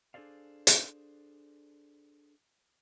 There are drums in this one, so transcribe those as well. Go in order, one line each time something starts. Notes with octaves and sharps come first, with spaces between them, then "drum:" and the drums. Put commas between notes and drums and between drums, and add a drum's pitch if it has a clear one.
D4 G#4 A4 C5 D5 F5
drum: hi-hat